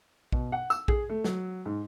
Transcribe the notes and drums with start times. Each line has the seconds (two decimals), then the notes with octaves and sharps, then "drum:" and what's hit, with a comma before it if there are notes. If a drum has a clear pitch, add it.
0.32 B2, drum: kick A#1
0.52 F#5
0.70 E6, drum: tambourine
0.88 G#4, drum: kick A#1
1.09 A3
1.24 F#3, drum: snare
1.66 G#2